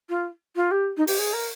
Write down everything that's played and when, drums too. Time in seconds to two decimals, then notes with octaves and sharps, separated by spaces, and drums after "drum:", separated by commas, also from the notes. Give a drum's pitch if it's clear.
0.09 F4
0.56 F4
0.71 G4
0.97 D#4
1.07 G4, drum: open hi-hat
1.18 G#4
1.33 A#4